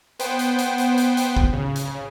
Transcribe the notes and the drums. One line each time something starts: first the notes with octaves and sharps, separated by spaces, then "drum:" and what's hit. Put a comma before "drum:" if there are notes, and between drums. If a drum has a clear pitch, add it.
B3 C5 G5, drum: hi-hat
drum: hi-hat
drum: hi-hat
drum: hi-hat
drum: hi-hat
drum: hi-hat
drum: kick
C#3
drum: hi-hat